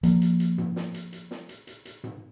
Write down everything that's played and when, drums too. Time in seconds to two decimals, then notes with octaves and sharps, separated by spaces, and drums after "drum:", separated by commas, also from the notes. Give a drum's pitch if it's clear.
0.03 F3 A#3, drum: hi-hat
0.22 drum: hi-hat
0.40 drum: hi-hat
0.58 drum: tom G#2
0.76 drum: snare
0.94 drum: hi-hat
1.13 drum: hi-hat
1.31 drum: snare
1.49 drum: hi-hat
1.67 drum: hi-hat
1.85 drum: hi-hat
2.04 drum: tom G#2